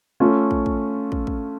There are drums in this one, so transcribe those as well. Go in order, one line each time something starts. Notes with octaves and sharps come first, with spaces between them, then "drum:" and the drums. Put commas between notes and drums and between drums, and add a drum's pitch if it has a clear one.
A3 C#4 F4 A4
drum: kick
drum: kick
drum: kick
drum: kick